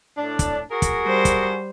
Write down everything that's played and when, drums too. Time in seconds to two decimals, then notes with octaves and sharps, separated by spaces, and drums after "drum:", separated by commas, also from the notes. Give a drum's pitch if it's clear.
0.18 A2 D4
0.39 drum: kick, hi-hat
0.71 F#4 G#4 A#4
0.82 drum: kick, hi-hat
1.03 G3 C5
1.25 drum: kick, hi-hat